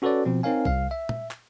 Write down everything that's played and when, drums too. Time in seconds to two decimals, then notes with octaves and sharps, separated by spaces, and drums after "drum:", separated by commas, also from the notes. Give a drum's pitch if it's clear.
0.02 C#4 F#4 A4 B4 C#5 D5
0.25 B2 F3 C4
0.43 C4 D#4 A#4 C#5 F5 G#5
0.65 C2 F5, drum: kick C2
0.91 E5
1.09 drum: tom
1.31 drum: clap